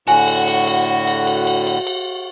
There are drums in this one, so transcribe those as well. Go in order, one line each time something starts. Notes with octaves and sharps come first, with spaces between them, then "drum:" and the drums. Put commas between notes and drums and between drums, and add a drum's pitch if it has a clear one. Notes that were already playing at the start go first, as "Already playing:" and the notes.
A2 D3 F#4 G#5, drum: cymbal
drum: cymbal
drum: cymbal
drum: cymbal
drum: cymbal
drum: cymbal
drum: cymbal
drum: cymbal
drum: cymbal